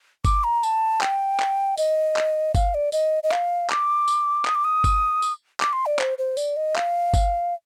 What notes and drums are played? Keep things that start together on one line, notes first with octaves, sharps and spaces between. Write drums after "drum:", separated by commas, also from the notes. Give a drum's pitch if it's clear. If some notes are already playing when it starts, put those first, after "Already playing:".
D6, drum: kick G1, tambourine
A#5
A5, drum: tambourine
G5, drum: clap
drum: clap
D#5, drum: tambourine
drum: clap
F5, drum: kick G1, tambourine
D5
D#5, drum: tambourine
D#5
F5, drum: clap
D6, drum: clap
drum: tambourine
D#6, drum: clap
D6
D#6
drum: kick G1, tambourine
drum: tambourine
D6, drum: clap
C6
D5
C5, drum: clap
C5
D5, drum: tambourine
D#5
F5, drum: clap
drum: kick G1, tambourine